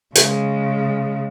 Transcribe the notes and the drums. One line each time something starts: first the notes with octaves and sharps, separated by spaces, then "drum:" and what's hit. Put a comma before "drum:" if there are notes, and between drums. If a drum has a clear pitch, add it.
C#3 G#3, drum: hi-hat